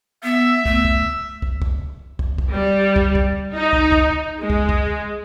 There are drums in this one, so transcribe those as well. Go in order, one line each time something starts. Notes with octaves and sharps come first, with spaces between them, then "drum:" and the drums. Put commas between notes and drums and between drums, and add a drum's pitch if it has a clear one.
B3 E5
A3, drum: kick
drum: kick
drum: kick
drum: kick
drum: kick
drum: kick
G3
drum: kick
drum: kick
D#4
drum: kick
drum: kick
G#3
drum: kick
drum: kick